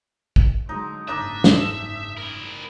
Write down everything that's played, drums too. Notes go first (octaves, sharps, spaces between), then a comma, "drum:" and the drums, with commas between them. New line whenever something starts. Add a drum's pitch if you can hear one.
drum: kick
D3 F#3 G#3 D#4
F#1 G#2 D4 D#4 E5 E6
drum: snare
E4 A#4